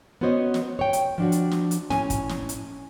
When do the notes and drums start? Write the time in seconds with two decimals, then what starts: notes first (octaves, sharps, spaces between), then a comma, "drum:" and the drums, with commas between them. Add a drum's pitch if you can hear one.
0.21 B3 C#4 F#4 C5 C#5 D#5
0.54 drum: snare
0.79 C#5 G5
0.93 drum: hi-hat
1.18 F3 D4 F#4
1.32 drum: hi-hat
1.51 drum: snare
1.71 drum: hi-hat
1.90 A2 C#4 G#5, drum: snare
2.10 drum: kick, hi-hat
2.29 drum: snare
2.49 drum: hi-hat